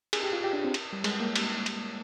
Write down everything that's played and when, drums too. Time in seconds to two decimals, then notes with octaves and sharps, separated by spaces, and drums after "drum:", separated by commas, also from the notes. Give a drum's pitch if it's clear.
0.13 G#4, drum: cymbal
0.23 G4
0.33 F4
0.44 G4
0.53 D4
0.64 C4
0.74 drum: cymbal
0.93 G3
1.04 G#3, drum: cymbal
1.20 A#3
1.36 drum: cymbal
1.66 drum: cymbal